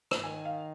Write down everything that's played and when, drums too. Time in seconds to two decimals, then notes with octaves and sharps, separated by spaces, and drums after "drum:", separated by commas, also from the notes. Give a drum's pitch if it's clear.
0.11 drum: rim click
0.23 D#3 G#5
0.45 F5